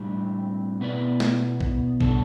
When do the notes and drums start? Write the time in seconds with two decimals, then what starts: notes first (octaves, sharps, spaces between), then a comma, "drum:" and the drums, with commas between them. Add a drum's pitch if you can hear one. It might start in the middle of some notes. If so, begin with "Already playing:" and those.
Already playing: A2 G3 D4
0.19 C4
0.79 B2 A3 B3 E4 B4 D5
1.20 drum: snare
1.61 drum: kick A#1
2.01 B2 G3 D4 A4, drum: kick A#1